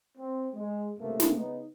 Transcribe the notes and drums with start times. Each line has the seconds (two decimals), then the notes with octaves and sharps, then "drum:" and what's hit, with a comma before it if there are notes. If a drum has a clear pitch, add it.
0.17 C4
0.53 G#3
0.98 C#2 G2 C3 A3 A#3
1.20 drum: snare
1.36 C#3 B3 D#4